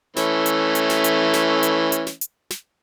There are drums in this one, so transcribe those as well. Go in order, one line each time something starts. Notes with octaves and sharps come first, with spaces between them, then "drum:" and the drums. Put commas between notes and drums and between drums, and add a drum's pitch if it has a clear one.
E3 A3 C#4, drum: snare
drum: hi-hat
drum: hi-hat
drum: snare
drum: hi-hat
drum: snare
drum: hi-hat
drum: hi-hat
drum: snare
drum: hi-hat
drum: snare